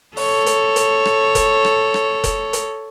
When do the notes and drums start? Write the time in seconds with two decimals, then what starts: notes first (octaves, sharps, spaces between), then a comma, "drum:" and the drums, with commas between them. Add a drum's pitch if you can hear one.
0.17 A4 C#5, drum: open hi-hat
0.46 drum: hi-hat
0.76 drum: hi-hat
1.05 drum: rim click
1.35 drum: kick F1, hi-hat
1.65 drum: rim click
1.94 drum: rim click
2.24 drum: kick F1, hi-hat
2.53 drum: hi-hat